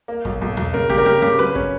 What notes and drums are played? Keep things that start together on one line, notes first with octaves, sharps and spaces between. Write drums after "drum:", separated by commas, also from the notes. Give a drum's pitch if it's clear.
A#3
B1, drum: kick F#2
B1
B1, drum: tom
C#3 A#4
C#3 G4, drum: kick F#2
A#4
C#3 G4
C#3 G4
F#3 B4
C#4, drum: kick F#2